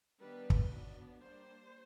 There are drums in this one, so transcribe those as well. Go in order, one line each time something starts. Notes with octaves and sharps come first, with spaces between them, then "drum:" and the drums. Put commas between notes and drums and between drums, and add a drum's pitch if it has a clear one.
D#3 G3 B3 D4 B4
drum: kick
F#3 B3 D4
G3 A#3 D4 C5